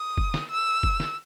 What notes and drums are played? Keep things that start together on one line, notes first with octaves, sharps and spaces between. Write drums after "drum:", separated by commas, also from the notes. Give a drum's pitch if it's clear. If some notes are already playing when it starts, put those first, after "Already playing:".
Already playing: D#6
drum: kick
drum: snare
E6
drum: kick
drum: snare